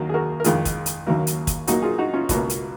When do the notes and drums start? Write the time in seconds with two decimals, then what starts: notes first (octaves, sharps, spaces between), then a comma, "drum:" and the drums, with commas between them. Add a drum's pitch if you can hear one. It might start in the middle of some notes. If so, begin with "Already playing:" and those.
Already playing: D#2 D#3 F#3 A#3 F#4
0.09 G#4
0.14 F#4 A#4
0.40 A#4
0.44 F2 D#3 G#3 F4 G#4, drum: hi-hat
0.65 drum: kick, hi-hat
0.86 drum: hi-hat
1.07 D#2 C#3 F#3 A#3
1.27 drum: hi-hat
1.47 drum: kick, hi-hat
1.67 A#2 F#3 A#3 D#4 F#4, drum: hi-hat
1.82 F4 G#4
1.98 D#4 F#4
2.14 C#4 F4
2.29 C#2 B2 A#3, drum: kick, hi-hat
2.50 drum: hi-hat